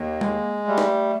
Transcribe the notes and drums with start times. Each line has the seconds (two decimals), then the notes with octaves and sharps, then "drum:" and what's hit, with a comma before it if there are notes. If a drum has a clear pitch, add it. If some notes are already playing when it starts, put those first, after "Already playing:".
Already playing: D#2 A#3
0.21 G#3, drum: tom G3
0.67 G3 A3
0.78 drum: snare